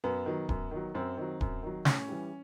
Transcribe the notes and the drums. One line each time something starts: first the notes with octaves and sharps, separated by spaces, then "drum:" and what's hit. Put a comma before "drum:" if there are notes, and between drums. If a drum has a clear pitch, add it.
F#2 B3
D#3 F#3
F#2, drum: kick D1
D#3 F#3
F#2 C4
D#3 F#3
F#2, drum: kick D1
D#3 F#3
A2 C#4, drum: snare
E3 G3